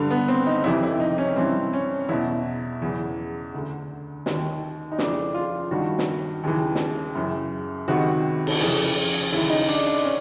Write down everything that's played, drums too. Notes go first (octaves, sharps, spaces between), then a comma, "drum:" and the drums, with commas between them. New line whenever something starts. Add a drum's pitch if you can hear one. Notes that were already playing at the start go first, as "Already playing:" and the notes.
Already playing: G2 D3
B3
C4
D#4
F2 C3 E3 E4
E4
D#4
C#4
G2 E3 C4
C#4
E2 B2 E4
E2 C#3 E3
D2 D3
D#2 D#3, drum: snare
D#4
F2 C#3 E3 D4, drum: snare
F4
G2 D#3 F#4
drum: snare
D#2 C#3 E3
drum: snare
F#2 C#3 E3
C#2 C3 D#3 F#4
drum: cymbal
F2 C#3 E3
drum: cymbal
D#2 C#3 E3 E4
D#4
D4, drum: cymbal
D4
C#4